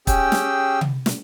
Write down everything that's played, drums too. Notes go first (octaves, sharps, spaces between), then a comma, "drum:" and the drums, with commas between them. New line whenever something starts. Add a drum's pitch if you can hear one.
C#4 G4 G#4 G5 E6, drum: kick, hi-hat
drum: snare
drum: tom C3
drum: snare